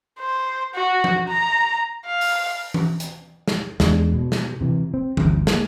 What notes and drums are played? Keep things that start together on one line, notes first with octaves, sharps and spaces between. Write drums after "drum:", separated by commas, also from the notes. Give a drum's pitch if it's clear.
C5
F#4
drum: tom F3
A#5
F5
drum: open hi-hat
drum: tom E3
drum: hi-hat
drum: snare
E2 G2 G#3 D4, drum: snare
B2
drum: snare
C3 E3
C4
G1 D2, drum: tom E3
G#3 A#3, drum: snare